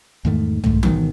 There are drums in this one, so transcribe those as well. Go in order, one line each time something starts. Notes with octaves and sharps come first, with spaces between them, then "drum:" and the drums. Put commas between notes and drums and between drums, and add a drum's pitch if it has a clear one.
E2 G#2 D#3 A3
D#2 G#2 A3, drum: tom
G#1 B2 D#3, drum: tom E3